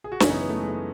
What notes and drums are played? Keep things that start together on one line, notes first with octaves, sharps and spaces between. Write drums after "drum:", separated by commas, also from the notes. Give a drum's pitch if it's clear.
G#4
F#4
F#2 C#3 E3 C#4 E4, drum: snare
B3 D#4
B3
A3
G#3
A3